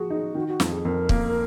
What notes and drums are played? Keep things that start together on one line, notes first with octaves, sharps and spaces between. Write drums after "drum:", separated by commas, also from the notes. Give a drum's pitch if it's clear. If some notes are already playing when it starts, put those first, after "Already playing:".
Already playing: F3 F#4 G#4
D#4
D#3 F#4
F#4
F2 F4, drum: snare
G#4
F2 A#4
A#3, drum: kick